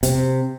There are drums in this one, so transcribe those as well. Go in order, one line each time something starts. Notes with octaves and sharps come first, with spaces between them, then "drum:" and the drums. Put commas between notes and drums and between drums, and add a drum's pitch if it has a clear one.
C3, drum: hi-hat